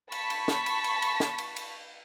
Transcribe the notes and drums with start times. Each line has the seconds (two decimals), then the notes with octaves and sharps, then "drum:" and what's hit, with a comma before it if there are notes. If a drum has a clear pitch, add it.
0.12 A5 B5 C#6 B6, drum: cymbal
0.30 drum: cymbal
0.48 drum: snare
0.66 drum: cymbal
0.84 drum: cymbal
1.02 drum: cymbal
1.20 drum: snare
1.38 drum: cymbal
1.56 drum: cymbal